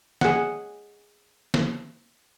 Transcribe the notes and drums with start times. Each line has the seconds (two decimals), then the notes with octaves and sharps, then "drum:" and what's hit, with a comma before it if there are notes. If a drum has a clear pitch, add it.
0.21 G#4 F#5, drum: snare
1.54 drum: snare